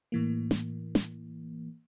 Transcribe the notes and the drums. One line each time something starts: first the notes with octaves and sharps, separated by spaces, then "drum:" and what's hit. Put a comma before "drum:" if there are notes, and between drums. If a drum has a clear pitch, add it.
A2 E3 A#3
drum: snare
drum: snare